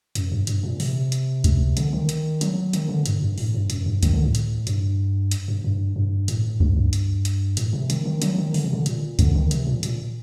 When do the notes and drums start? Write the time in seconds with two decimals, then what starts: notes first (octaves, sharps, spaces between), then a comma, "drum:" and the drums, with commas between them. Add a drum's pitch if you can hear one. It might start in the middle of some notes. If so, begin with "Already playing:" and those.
0.15 F#2, drum: hi-hat
0.32 G2
0.47 G2, drum: hi-hat
0.63 A#2
0.80 C3, drum: open hi-hat
1.12 drum: hi-hat
1.44 drum: kick C#2, hi-hat
1.77 D3, drum: hi-hat
1.93 D#3
2.09 drum: hi-hat
2.41 F#3, drum: hi-hat
2.73 D#3, drum: hi-hat
2.89 D3
3.06 G2, drum: hi-hat
3.22 G2
3.38 A2, drum: open hi-hat
3.54 G2
3.70 F#2, drum: hi-hat
3.86 G2
4.03 D#3, drum: kick C#2, hi-hat
4.13 D3
4.24 A2
4.35 drum: hi-hat
4.67 G2, drum: hi-hat
5.31 drum: hi-hat
5.48 G2
5.64 G2
5.96 G2
6.28 A2, drum: hi-hat
6.60 G2, drum: kick C#2
6.77 G2
6.93 drum: hi-hat
7.25 drum: hi-hat
7.57 A2, drum: hi-hat
7.73 C3
7.90 D#3, drum: hi-hat
8.06 D#3
8.22 F#3, drum: hi-hat
8.38 D#3
8.54 D3, drum: open hi-hat
8.64 C3
8.73 D3
8.86 A#2, drum: hi-hat
9.19 D3, drum: kick C#2, hi-hat
9.35 D#3
9.51 C3, drum: hi-hat
9.67 A#2
9.83 A#2, drum: hi-hat